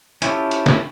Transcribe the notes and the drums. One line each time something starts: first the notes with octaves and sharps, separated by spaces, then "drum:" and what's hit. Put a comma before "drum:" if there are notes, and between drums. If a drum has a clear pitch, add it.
C#4 E4 F4 G4 A4, drum: hi-hat
drum: hi-hat
drum: snare